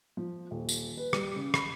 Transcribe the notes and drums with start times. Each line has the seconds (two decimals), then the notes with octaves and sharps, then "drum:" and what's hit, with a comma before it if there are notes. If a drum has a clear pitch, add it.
0.17 F3
0.51 D#1
0.69 drum: tambourine
0.97 B4
1.13 G3, drum: rim click
1.36 C#3
1.54 B5, drum: rim click